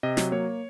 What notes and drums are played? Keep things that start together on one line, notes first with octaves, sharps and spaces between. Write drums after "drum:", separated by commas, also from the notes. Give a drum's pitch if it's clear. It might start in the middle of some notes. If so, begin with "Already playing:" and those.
C3 D#5
F#3, drum: snare
A#3 C#5